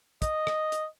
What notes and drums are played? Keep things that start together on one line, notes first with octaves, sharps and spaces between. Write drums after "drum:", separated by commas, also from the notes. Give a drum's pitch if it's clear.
D#5, drum: kick, hi-hat
drum: rim click
drum: hi-hat